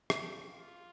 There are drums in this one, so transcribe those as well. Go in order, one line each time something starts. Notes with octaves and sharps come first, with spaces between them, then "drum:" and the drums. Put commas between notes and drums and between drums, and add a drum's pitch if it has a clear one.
G4, drum: rim click
F4